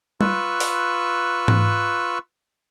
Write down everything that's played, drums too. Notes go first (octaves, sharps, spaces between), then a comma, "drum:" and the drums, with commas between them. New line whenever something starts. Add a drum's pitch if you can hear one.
F4 B4 C#6 E6 F#6, drum: tom G3
drum: open hi-hat
drum: tom G#2